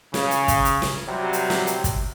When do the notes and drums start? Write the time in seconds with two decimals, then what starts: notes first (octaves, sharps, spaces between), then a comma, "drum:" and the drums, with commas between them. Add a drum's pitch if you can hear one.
0.14 C#3, drum: snare
0.31 drum: hi-hat
0.48 drum: kick, hi-hat
0.65 drum: hi-hat
0.82 drum: snare
1.08 C3 F#3 G3 C4
1.33 drum: hi-hat
1.50 drum: snare
1.67 drum: hi-hat
1.84 drum: kick, hi-hat